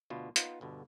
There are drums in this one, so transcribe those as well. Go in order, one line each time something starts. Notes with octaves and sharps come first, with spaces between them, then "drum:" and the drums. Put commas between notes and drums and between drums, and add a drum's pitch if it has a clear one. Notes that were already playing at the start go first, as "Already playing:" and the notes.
D2 B2 F4
B3 D#4 F4, drum: hi-hat
G1 B2 D3